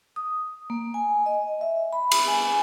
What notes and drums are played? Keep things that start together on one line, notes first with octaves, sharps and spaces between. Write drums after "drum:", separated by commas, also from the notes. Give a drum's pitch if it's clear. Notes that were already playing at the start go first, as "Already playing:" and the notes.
D#6
A#3
G#5
D#5
E5
B5
drum: cymbal
G#5